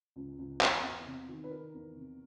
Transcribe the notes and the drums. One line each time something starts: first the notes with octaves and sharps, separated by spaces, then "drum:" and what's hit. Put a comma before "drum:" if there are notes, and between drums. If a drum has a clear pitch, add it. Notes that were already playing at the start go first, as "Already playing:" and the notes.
C#2
C#2
E2, drum: clap
E2
C3
D#3
B4
D#3 A#4
E2
C3